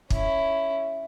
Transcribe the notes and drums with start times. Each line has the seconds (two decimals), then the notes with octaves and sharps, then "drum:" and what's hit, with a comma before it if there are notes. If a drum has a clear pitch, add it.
0.10 C#4 E4, drum: kick